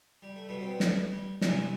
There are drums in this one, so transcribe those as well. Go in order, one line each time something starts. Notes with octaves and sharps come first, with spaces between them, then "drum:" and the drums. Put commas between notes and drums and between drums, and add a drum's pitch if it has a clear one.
G3
A3
B2 G3 B3
C4
B3
A3, drum: snare
G3
C3 E3 G3, drum: snare